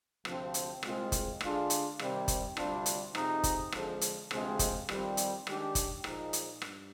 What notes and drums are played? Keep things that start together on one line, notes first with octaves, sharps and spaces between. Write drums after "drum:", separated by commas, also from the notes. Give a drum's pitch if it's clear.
D2 C3 F3 C4, drum: rim click
drum: hi-hat
C2 A#2 G#3 C4 F4, drum: rim click
drum: kick F#1, hi-hat
D3 G#3 D4 F4 G#4, drum: rim click
drum: hi-hat
C3 D#3 G3 C4, drum: rim click
drum: kick F#1, hi-hat
D2 C3 G3 D4 F4, drum: rim click
drum: hi-hat
F2 C3 F3 G#3 D#4, drum: rim click
drum: kick F#1, hi-hat
F2 D3 F3 G#3, drum: rim click
drum: hi-hat
D2 C3 F3 G#3 C4, drum: rim click
drum: kick F#1, hi-hat
F2 D#3 G3 C4, drum: rim click
drum: hi-hat
D#3 G#3 D4 G4, drum: rim click
drum: kick F#1, hi-hat
A#2 F3 G#3 D#4, drum: rim click
drum: hi-hat
G2, drum: rim click